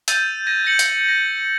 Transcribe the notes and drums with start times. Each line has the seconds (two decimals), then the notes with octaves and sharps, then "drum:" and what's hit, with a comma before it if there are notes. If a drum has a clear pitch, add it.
0.08 E6 G6 A6 D#7 F7, drum: hi-hat
0.47 G#6 A#6 D#7
0.64 G6 A#6 C#7 F#7
0.79 drum: hi-hat
1.08 A#6